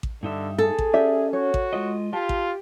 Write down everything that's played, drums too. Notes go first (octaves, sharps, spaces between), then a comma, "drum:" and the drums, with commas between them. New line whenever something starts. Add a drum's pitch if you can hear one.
drum: kick A1
G2 D3 D#4 E5
G#4 A4
drum: kick A1
C#4 G4 D5 E5
F#4 C#5
drum: kick A1
G#3 F4 D#5
F4 G4 A5
drum: kick A1